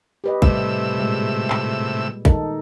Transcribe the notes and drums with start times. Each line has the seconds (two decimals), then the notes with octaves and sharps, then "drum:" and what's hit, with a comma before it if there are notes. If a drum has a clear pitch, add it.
0.24 G4 B4 D#5
0.42 A2 C3 G3 E6, drum: kick
0.98 A#2 G#3
1.50 drum: clap
2.25 D#3 D#4 A4, drum: kick